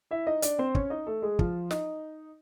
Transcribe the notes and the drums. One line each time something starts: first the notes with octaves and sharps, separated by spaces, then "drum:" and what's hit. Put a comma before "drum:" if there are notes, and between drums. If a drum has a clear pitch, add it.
E4 E5
D#4 D#5
D4 D5, drum: hi-hat
C4 C5
C#4 C#5, drum: kick
D#4 D#5
A3 A4
G#3 G#4
F3 F4, drum: kick
D#4, drum: snare